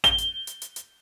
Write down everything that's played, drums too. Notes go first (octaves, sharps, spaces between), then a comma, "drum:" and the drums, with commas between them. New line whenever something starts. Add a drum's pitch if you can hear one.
G7, drum: kick A1, hi-hat
drum: hi-hat
drum: hi-hat
drum: hi-hat
drum: hi-hat